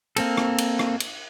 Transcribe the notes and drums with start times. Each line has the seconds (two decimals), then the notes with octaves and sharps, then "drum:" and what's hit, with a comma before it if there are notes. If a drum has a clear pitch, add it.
0.16 A#3 C4 A4, drum: cymbal
0.37 drum: rim click
0.58 drum: cymbal
0.79 drum: rim click
1.00 drum: cymbal